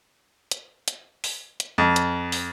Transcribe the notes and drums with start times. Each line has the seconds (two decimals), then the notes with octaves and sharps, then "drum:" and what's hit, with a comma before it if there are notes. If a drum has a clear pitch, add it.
0.51 drum: hi-hat
0.88 drum: hi-hat
1.24 drum: open hi-hat
1.60 drum: hi-hat
1.78 F2
1.96 drum: hi-hat
2.32 drum: open hi-hat